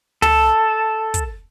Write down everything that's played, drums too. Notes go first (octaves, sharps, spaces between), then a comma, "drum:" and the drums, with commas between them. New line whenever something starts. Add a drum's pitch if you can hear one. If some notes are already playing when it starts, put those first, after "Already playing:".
A4, drum: tom
drum: kick, hi-hat